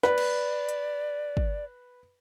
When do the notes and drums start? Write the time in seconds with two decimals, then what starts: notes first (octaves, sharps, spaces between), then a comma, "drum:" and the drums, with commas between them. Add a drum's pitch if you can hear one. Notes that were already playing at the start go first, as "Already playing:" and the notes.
0.03 B4 D5, drum: snare
0.18 drum: cymbal
0.69 drum: hi-hat
1.37 drum: kick